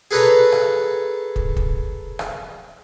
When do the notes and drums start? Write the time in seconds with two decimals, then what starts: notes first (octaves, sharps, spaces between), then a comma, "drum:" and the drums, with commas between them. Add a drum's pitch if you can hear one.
0.11 G#4 A4 B4 C#5 A5 A#5
0.52 drum: rim click
1.36 drum: kick
1.57 drum: kick
2.19 drum: rim click